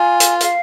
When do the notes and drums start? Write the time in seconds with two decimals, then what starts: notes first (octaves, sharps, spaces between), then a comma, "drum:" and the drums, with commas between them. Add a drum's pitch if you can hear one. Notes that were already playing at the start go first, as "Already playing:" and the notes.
Already playing: F4 G#5
0.20 drum: hi-hat
0.40 F5, drum: hi-hat